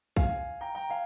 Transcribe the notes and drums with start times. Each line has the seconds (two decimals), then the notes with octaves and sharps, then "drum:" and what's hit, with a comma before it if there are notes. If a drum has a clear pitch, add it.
0.17 F5 G#5, drum: kick
0.61 G5 A#5
0.75 G5 A#5
0.90 F5 G#5